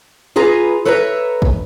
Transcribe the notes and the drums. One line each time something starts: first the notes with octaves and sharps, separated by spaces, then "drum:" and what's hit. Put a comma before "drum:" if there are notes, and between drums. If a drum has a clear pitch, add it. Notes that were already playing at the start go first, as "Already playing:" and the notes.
F4 G#4 B4 A#5
A4 B4 C#5 E5 A5 A#5
drum: kick A1